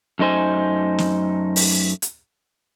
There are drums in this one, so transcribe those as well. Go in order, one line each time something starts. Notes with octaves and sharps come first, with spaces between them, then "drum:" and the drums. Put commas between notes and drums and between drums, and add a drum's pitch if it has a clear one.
F#2 A3 D#4 C5 G#5
drum: snare
drum: open hi-hat
drum: hi-hat